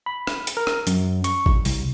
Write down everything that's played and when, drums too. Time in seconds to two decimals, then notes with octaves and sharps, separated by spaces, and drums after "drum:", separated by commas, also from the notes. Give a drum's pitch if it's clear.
0.06 B5
0.27 drum: rim click
0.47 drum: hi-hat
0.57 A#4
0.67 drum: rim click
0.87 F#2, drum: hi-hat
1.24 C#6, drum: hi-hat
1.46 drum: kick G#1
1.65 C2, drum: open hi-hat